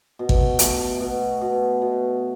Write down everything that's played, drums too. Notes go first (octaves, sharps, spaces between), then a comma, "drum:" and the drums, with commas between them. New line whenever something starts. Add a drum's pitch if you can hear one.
B2
drum: kick G#1
A3, drum: hi-hat
B2
B2
B2